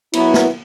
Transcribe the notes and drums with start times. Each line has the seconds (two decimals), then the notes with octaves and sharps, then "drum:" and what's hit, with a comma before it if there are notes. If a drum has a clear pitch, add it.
0.13 F#3 B3 E4, drum: cymbal
0.34 drum: snare